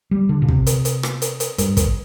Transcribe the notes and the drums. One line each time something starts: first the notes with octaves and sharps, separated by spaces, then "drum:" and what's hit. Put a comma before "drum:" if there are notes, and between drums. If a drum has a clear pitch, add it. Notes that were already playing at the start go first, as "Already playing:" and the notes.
G3
D3
A#2
C3, drum: kick
drum: hi-hat
drum: hi-hat
drum: rim click
drum: hi-hat
drum: hi-hat
G2, drum: hi-hat
drum: kick, hi-hat